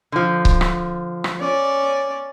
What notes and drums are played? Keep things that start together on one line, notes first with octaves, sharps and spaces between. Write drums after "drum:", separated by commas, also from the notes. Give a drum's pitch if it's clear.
D3 F3
drum: kick C#1
drum: rim click
drum: rim click
C#4 D5